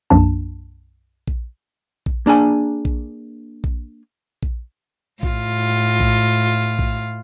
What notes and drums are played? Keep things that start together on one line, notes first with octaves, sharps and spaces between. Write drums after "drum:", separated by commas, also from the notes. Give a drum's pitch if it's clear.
B1 F#2 F3 A#3 D4 A5
drum: kick A#1
drum: kick A#1
A#3 D4 G#4 G#5
drum: kick A#1
drum: kick A#1
drum: kick A#1
A2 F4, drum: kick A#1
drum: kick A#1
drum: kick A#1